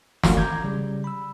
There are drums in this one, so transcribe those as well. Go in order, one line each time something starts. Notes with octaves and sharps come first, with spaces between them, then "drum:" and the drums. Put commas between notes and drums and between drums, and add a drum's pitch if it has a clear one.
G#1 D3 F3 C#4 F#4 F5, drum: snare
A#5 D6 G6 G#6
C#3 G3
B5 E6